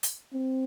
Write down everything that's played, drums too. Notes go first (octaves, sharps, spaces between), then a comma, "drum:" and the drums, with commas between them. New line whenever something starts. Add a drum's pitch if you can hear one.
drum: hi-hat
C4